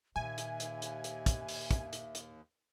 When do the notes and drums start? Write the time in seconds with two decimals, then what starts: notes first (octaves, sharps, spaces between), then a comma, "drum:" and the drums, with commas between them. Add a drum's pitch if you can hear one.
0.16 D#2 A#2 D#3 E5 G#5
0.38 drum: hi-hat
0.60 drum: hi-hat
0.82 drum: hi-hat
1.04 drum: hi-hat
1.26 drum: kick, hi-hat
1.48 drum: open hi-hat
1.71 drum: kick, hi-hat
1.93 drum: hi-hat
2.15 drum: hi-hat